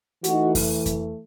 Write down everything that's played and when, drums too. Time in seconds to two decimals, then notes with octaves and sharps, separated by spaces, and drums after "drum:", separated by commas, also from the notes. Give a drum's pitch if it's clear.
0.24 E3 A3 D#4 F#4, drum: hi-hat
0.55 drum: kick F2, open hi-hat
0.86 drum: kick F2, hi-hat